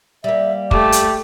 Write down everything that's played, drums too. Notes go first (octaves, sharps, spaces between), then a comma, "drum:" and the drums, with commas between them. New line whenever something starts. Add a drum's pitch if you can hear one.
G3 A#3 E5
A3 G4 D6, drum: kick
drum: hi-hat